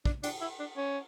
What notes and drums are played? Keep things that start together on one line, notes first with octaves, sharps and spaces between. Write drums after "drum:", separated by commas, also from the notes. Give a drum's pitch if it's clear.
D4, drum: kick
D4, drum: cymbal
E4
D4
C#4